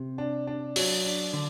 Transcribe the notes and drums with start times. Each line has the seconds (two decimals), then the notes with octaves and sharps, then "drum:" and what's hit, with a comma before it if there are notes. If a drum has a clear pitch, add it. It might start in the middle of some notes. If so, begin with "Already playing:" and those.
Already playing: C3
0.18 D4
0.47 D4
0.76 F#3, drum: open hi-hat
1.05 D4
1.33 D3